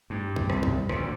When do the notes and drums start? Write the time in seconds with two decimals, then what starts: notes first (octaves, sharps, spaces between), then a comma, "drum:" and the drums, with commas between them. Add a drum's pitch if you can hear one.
0.10 G2
0.36 drum: kick
0.50 C2, drum: rim click
0.63 drum: kick
0.89 D2 A#2, drum: rim click